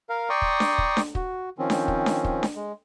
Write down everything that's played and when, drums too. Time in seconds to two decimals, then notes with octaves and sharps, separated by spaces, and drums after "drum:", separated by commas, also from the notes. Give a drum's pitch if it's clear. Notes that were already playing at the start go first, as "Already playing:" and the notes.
0.09 A#4 F5
0.30 D5 G5 A#5 C6 C#6 D#6
0.42 drum: kick
0.60 drum: snare D4
0.78 drum: kick
0.97 drum: snare D4
1.15 F#4, drum: kick
1.58 D#3 F3 C4 C#4
1.70 drum: snare D4
1.88 drum: kick
2.06 drum: snare D4
2.24 drum: kick
2.43 drum: snare D4
2.56 G#3